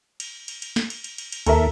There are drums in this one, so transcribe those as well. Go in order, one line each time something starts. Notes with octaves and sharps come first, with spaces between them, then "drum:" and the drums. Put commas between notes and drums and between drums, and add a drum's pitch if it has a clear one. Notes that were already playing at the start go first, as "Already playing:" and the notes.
drum: cymbal
drum: cymbal
drum: cymbal
drum: snare
drum: cymbal
drum: cymbal
drum: cymbal
drum: cymbal
D#2 A4 A#4 E5, drum: cymbal